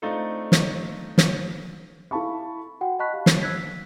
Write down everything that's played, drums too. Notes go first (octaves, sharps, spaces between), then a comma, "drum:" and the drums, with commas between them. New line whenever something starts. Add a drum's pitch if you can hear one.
A3 C4 D4 D#4 F4 A4
drum: snare
drum: snare
E4 A4 F5 A5 B5 C#6
F#4 F#5 G5
D#5 A5 B5 C#6 F#6 B6
G4 F5
A6 C7, drum: snare
E6 F#6 G#6 B6
B6